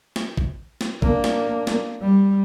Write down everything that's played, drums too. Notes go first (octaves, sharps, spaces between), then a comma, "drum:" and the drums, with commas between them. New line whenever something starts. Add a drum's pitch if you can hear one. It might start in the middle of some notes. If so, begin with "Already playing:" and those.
drum: snare
drum: kick A1
drum: snare
A#3 D4, drum: kick A1
drum: snare
drum: snare
G3